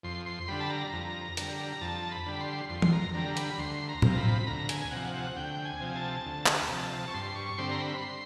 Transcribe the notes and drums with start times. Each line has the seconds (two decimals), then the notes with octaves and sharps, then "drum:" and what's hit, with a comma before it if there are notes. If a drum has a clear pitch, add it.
0.03 F2 C6
0.26 C6
0.48 D3 G3 B5
0.60 A5
0.70 A#5
0.93 F2
1.37 D3 G3, drum: hi-hat
1.81 F2 A5
2.11 B5
2.26 D3 G3
2.40 C6
2.69 F2 C6
2.82 drum: tom E3
2.93 A#5
3.14 D3 G3 A#5
3.37 B5, drum: hi-hat
3.58 D2 C6
3.89 A#5
4.02 C3 F3, drum: tom A2
4.17 B5
4.47 D2 A#5
4.69 G#5, drum: hi-hat
4.91 C3 F3 F#5
5.14 F#5
5.36 D2 G5
5.65 G#5
5.80 C3 F3
5.96 A5
6.25 D2
6.46 drum: clap
6.69 C3 F3
7.07 C#6
7.14 G2 C6
7.36 C#6
7.58 D3 G3 C4 C6
7.71 A#5
7.81 B5
8.03 C6